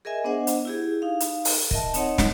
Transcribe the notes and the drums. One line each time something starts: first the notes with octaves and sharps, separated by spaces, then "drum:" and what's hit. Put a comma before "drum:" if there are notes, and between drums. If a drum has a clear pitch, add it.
G#4 A#4 D#5 E5 G#5
B3 D4 C5 D#5 F#5
drum: hi-hat
E4 G4 G#4
D#4 F5
drum: hi-hat
drum: open hi-hat
A#4 D#5 E5 A5, drum: kick
C4 D#4 C#5 D#5 F#5, drum: hi-hat
drum: snare